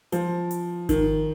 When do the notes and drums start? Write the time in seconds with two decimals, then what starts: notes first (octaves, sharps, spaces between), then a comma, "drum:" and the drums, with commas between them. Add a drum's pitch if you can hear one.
0.12 F3, drum: hi-hat
0.51 drum: hi-hat
0.89 D#3, drum: kick G#1, hi-hat